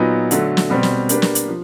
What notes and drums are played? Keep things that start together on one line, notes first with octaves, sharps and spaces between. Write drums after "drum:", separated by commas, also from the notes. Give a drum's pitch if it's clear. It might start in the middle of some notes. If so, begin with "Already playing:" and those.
Already playing: A#2 F#3 B3 D#4
D3 F#3 A3, drum: hi-hat
drum: snare
B2 G3 C4
drum: snare
A#3 D4 G4 B4, drum: hi-hat
drum: snare
drum: hi-hat
F3